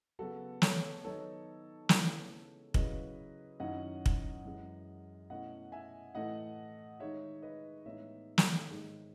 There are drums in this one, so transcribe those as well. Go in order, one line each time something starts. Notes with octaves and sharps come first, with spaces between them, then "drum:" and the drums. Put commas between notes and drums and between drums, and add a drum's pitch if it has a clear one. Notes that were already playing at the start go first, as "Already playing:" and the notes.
C#3 F#3 B3 F#4 A4
A4 C#5, drum: snare
D#3 F#3 B3 D#4 A4 C#5
C#3 E3 G#3 B3 E4, drum: snare
C#3 F#3 C#4 E4 B4 D#5, drum: kick
F#2 D#3 F#3 C#4 E4 D#5 F#5
drum: kick
F#2 E3 G#3
B2 A3 C#4 E4 D#5 F#5
E5 G#5
A2 E3 A3 E4 D#5 F#5
D#3 G#3 D#4 C#5 E5
B4 D#5
A2 E3 G#3 B3 D#4 C#5 E5
drum: snare
G#2 D#3 G#3